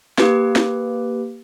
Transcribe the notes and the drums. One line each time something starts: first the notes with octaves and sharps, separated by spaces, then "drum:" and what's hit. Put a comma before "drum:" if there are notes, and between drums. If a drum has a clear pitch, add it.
A#3 G4 B4, drum: snare
drum: snare